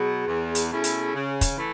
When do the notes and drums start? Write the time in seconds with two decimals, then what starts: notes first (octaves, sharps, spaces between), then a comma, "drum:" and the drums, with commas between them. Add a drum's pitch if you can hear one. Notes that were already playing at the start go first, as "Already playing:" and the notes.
Already playing: B2 F#3 G#4
0.26 E2
0.55 drum: hi-hat
0.69 B2 A3 C#4 E4
0.84 drum: hi-hat
1.13 C#3
1.41 drum: kick, hi-hat
1.56 E3 A3